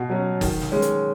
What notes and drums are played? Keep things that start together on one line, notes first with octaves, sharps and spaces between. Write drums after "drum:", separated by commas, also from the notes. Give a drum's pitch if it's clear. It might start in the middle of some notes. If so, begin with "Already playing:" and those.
Already playing: B2
F#3 C#4
D#3, drum: kick F#1, open hi-hat
drum: snare
G#3 C#4
drum: hi-hat